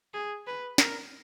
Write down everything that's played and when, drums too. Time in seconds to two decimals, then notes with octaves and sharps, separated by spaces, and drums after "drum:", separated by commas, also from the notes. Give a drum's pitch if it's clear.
0.14 G#4
0.47 B4
0.78 A#4, drum: snare